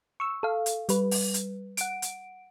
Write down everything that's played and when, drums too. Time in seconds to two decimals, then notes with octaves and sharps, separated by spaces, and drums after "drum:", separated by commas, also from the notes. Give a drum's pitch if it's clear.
0.20 C#6 E6
0.43 A4 F5
0.66 drum: hi-hat
0.89 G3 B4, drum: hi-hat
1.11 drum: open hi-hat
1.34 drum: hi-hat
1.77 F#5 D7, drum: hi-hat
2.02 drum: hi-hat